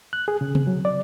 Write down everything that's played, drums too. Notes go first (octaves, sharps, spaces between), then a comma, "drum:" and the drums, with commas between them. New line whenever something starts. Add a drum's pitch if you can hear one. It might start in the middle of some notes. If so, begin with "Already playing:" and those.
F#6
G#4
C#3
C4, drum: tom C3
F#3
D5